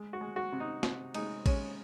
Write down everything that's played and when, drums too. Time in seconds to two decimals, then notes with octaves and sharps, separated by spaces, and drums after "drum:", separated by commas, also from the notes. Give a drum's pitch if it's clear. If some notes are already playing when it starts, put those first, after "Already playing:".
Already playing: G#3
0.13 F#4
0.21 G#3
0.36 F#4
0.52 C3
0.60 D#4
0.83 C3, drum: snare
1.14 G#3 D#4, drum: cymbal
1.46 G#3 C#4, drum: kick A1, cymbal